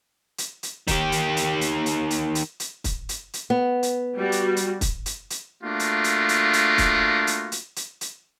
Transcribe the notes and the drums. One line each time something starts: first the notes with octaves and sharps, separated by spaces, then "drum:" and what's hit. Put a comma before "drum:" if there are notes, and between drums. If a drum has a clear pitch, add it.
drum: hi-hat
drum: hi-hat
D#3 G4, drum: kick, hi-hat
drum: hi-hat
drum: hi-hat
drum: hi-hat
drum: hi-hat
drum: hi-hat
drum: hi-hat
drum: hi-hat
drum: kick, hi-hat
drum: hi-hat
drum: hi-hat
B3
drum: hi-hat
G3 F#4
drum: hi-hat
drum: hi-hat
drum: kick, hi-hat
drum: hi-hat
drum: hi-hat
A3 A#3 D4 F4 F#4
drum: hi-hat
drum: hi-hat
drum: hi-hat
drum: hi-hat
drum: kick, hi-hat
drum: hi-hat
drum: hi-hat
drum: hi-hat
drum: hi-hat